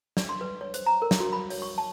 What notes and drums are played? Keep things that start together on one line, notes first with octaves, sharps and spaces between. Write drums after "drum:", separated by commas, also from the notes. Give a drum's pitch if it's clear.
D5, drum: snare
C6
B4
C#5
C5, drum: hi-hat
A#5
A#4
drum: snare
F#4
B5
C#5, drum: open hi-hat
C#6
A5